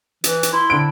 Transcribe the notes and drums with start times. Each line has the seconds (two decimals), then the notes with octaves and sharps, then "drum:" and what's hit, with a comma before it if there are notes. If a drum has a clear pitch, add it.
0.24 E3, drum: hi-hat
0.43 drum: hi-hat
0.53 E4 C6
0.70 D3 D7